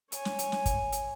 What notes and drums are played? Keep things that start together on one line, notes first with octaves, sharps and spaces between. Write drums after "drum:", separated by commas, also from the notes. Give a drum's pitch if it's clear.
C#5 G#5, drum: hi-hat
drum: snare
drum: hi-hat
drum: snare
drum: kick, hi-hat
drum: hi-hat